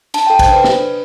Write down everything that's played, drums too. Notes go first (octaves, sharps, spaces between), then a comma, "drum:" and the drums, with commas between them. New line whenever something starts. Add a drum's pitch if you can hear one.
D4 A5, drum: cymbal
A4 G5
C5, drum: kick A1, cymbal
D4 B4
D4, drum: snare
D4